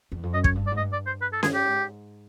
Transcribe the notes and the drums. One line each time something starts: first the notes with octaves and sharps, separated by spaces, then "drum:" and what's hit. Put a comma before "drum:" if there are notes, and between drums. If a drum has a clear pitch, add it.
E2
F2
F#2 D#5
C#5, drum: kick
G2
D5
G#2
G2 D#5
D5
C5
B4
A4
G#4, drum: snare C#4
G4
G#2